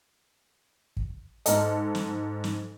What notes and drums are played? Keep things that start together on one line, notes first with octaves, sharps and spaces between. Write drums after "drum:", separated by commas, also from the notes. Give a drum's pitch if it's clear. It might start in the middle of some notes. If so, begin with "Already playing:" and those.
drum: kick
G#2 A4 D#5 A#5 F6, drum: hi-hat
drum: snare
drum: snare